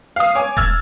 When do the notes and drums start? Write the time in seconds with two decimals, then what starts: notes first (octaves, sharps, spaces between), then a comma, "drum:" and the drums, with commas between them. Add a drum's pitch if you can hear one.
0.16 F5 D#6
0.35 C#5 G#5 D6
0.57 E6 F6 G#6 A6, drum: kick E1